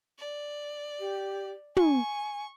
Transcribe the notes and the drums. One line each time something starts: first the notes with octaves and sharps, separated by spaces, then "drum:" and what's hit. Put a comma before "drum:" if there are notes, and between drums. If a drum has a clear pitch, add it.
D5
G4
G#5 C#6, drum: tom